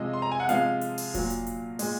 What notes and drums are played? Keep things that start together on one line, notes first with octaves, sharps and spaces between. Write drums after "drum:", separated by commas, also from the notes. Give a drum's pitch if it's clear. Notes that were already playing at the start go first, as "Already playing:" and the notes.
Already playing: C3 F3 G#3 D#5
C6
A#5
G#5
F#5
C3 F3 G#3 F5, drum: hi-hat
drum: hi-hat
drum: open hi-hat
A#2 F#3, drum: kick E1, hi-hat
drum: hi-hat
drum: hi-hat
A#2 G#3, drum: open hi-hat